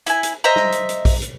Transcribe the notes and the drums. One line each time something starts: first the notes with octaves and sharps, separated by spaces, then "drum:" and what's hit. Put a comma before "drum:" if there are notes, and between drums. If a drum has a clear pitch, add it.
E4 G#5, drum: hi-hat
drum: hi-hat
C5 D#5 E5 A#5
drum: snare
drum: hi-hat
drum: hi-hat
drum: kick A#1, open hi-hat
drum: hi-hat